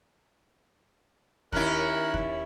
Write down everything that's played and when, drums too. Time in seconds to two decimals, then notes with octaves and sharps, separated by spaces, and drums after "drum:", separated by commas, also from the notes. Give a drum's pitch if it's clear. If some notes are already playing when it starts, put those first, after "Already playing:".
1.52 D#2 C#4 E4 A#4 F#6, drum: kick
2.14 drum: kick